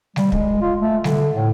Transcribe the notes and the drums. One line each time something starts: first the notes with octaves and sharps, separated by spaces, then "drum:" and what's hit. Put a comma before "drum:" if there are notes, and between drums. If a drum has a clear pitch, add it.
G3, drum: snare G3
G#3, drum: kick
F4
A3
D3, drum: snare G3
A2